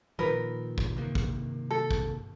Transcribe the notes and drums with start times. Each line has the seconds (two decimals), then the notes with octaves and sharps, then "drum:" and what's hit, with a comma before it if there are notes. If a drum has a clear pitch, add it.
0.19 A#2 D#3 F3 A#4 B4
0.78 drum: kick
0.97 C3 D#3 A#3
1.15 drum: kick
1.71 A4
1.91 drum: kick